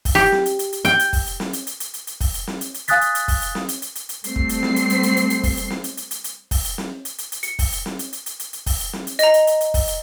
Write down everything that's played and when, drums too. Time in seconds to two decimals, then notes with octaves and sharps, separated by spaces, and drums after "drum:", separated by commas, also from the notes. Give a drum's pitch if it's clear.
0.05 drum: kick, open hi-hat
0.15 G4
0.32 drum: snare
0.46 drum: hi-hat
0.59 drum: hi-hat
0.73 drum: hi-hat
0.85 G5, drum: hi-hat
0.99 drum: hi-hat
1.13 drum: kick, open hi-hat
1.26 drum: hi-hat
1.40 drum: snare
1.53 drum: hi-hat
1.67 drum: hi-hat
1.80 drum: hi-hat
1.94 drum: hi-hat
2.07 drum: hi-hat
2.21 drum: kick, open hi-hat
2.34 drum: hi-hat
2.47 drum: snare
2.61 drum: hi-hat
2.74 drum: hi-hat
2.88 F5 G#5 D#6 F#6 A6 B6, drum: hi-hat
3.01 drum: hi-hat
3.15 drum: hi-hat
3.28 drum: kick, open hi-hat
3.42 drum: hi-hat
3.55 drum: snare
3.69 drum: hi-hat
3.82 drum: hi-hat
3.95 drum: hi-hat
4.09 drum: hi-hat
4.24 G3 A3 C4 C7, drum: hi-hat
4.36 drum: kick
4.49 drum: hi-hat
4.63 drum: snare
4.76 drum: hi-hat
4.90 drum: hi-hat
5.03 drum: hi-hat
5.17 drum: hi-hat
5.30 drum: hi-hat
5.43 drum: kick, open hi-hat
5.57 drum: hi-hat
5.70 drum: snare
5.84 drum: hi-hat
5.97 drum: hi-hat
6.11 drum: hi-hat
6.24 drum: hi-hat
6.51 drum: kick, open hi-hat
6.65 drum: hi-hat
6.78 drum: snare
7.05 drum: hi-hat
7.18 drum: hi-hat
7.32 drum: hi-hat
7.43 C#7, drum: hi-hat
7.59 drum: kick, open hi-hat
7.72 drum: hi-hat
7.86 drum: snare
7.99 drum: hi-hat
8.13 drum: hi-hat
8.26 drum: hi-hat
8.40 drum: hi-hat
8.53 drum: hi-hat
8.66 drum: kick, open hi-hat
8.80 drum: hi-hat
8.93 drum: snare
9.07 drum: hi-hat
9.19 D#5 A#5, drum: hi-hat
9.34 drum: hi-hat
9.47 drum: hi-hat
9.61 drum: hi-hat
9.74 drum: kick, open hi-hat
9.88 drum: hi-hat